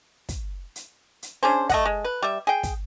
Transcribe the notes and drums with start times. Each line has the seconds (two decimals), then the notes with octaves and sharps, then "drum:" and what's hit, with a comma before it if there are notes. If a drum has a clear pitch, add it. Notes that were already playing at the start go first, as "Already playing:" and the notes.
0.29 drum: kick, hi-hat
0.76 drum: hi-hat
1.23 drum: hi-hat
1.43 C#4 D4 G#4 C5
1.69 A3 D#5 F#5, drum: kick, hi-hat
1.85 G#3
2.04 B4
2.22 G3 E5
2.47 G#4 G5
2.63 drum: kick, hi-hat